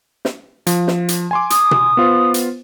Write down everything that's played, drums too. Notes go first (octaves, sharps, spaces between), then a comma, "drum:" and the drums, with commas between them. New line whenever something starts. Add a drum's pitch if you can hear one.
drum: snare
F3, drum: hi-hat
drum: snare
drum: hi-hat
G#5 C6 D6
D#6, drum: hi-hat
drum: tom B2
B3 F4 C5
drum: hi-hat